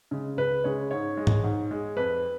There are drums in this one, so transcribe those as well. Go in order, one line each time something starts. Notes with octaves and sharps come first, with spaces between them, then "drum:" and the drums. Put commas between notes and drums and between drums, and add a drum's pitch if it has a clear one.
C#3 G#3
C#2 B4
C#3 G#3 C#5
G#2 C#5
G#3
drum: tom G#2
G#2
G#3
F2 B4